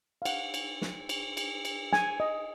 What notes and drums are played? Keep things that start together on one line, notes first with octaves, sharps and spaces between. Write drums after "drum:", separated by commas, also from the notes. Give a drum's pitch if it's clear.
F5
F#5, drum: cymbal
drum: cymbal
drum: snare
drum: cymbal
drum: cymbal
drum: cymbal
G#5, drum: snare
D#5